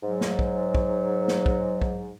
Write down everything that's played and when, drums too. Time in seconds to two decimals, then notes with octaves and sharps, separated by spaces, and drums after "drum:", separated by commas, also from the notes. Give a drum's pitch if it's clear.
0.03 G#2 F#3
0.21 drum: snare
0.39 drum: kick
0.75 drum: kick
1.28 drum: snare
1.46 drum: kick
1.82 drum: kick